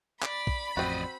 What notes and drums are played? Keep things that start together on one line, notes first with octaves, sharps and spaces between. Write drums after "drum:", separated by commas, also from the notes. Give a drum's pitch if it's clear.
D5 B5, drum: clap
drum: kick
A1 F2 C4 F#4 D5 D#5